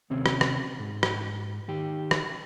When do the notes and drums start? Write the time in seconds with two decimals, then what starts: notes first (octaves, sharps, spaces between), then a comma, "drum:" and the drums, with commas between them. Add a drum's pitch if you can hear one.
0.10 D#2 C3 C4 C#4
0.26 drum: rim click
0.41 drum: rim click
0.80 G#2
1.03 drum: rim click
1.69 D#3 G4
2.11 drum: rim click